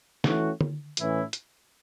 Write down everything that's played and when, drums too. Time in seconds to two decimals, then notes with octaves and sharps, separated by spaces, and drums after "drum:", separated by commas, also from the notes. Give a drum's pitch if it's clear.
0.24 E3 A3 C#4 F#4, drum: snare
0.61 drum: tom D3
0.97 A2 E3 C#4 E4, drum: hi-hat
1.33 drum: hi-hat